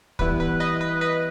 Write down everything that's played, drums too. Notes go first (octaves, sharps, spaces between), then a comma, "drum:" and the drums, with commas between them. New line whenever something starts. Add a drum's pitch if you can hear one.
E3 G3 B3 E4 B4, drum: kick
B4
B4 D#5
B4
B4 D#5